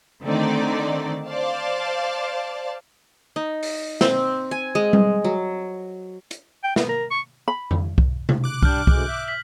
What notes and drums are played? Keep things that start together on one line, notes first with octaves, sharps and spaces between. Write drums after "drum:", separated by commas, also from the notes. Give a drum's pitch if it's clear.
D3 D#3 A3 C4 D#4 D5
C5 D5 F5 A5
D#4
drum: open hi-hat
C4, drum: snare
G#5
G#3
drum: tom G3
F#3
drum: hi-hat
G5
B3, drum: snare
A#4
C#6
B5
drum: tom F2
drum: kick C2
drum: tom C3
D6 F#6
G3 D4 F6 G6, drum: kick C2
D2 G#3, drum: kick C2
E5
B6 F#7